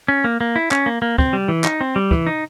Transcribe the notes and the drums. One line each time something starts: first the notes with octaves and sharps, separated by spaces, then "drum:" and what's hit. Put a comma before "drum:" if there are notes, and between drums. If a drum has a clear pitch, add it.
C#4
A#3
A#3
E4
C#4, drum: clap
A#3
A#3
C4, drum: kick
G3
E3
D#4, drum: clap
C4
G3
E3, drum: kick
D#4